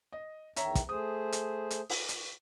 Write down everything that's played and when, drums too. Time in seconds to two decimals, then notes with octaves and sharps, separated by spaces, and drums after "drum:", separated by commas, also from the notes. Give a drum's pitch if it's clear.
0.12 D#5
0.56 E2 D#3 C#5 E5 A#5, drum: hi-hat
0.75 drum: kick, hi-hat
0.89 A3 G#4 C5 D#6
1.32 drum: hi-hat
1.70 drum: hi-hat
1.90 drum: open hi-hat
2.09 drum: hi-hat